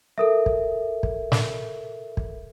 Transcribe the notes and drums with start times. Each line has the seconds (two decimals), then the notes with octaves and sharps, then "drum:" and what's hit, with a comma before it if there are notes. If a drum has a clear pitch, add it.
0.18 A4 A#4 E5
0.46 drum: kick
1.03 drum: kick
1.32 drum: snare
2.17 drum: kick